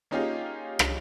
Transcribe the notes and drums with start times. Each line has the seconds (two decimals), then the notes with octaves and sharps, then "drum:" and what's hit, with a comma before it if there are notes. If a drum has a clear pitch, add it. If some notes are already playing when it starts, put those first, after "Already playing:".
0.11 A#3 C#4 D#4 F4 G4 G#4
0.79 drum: rim click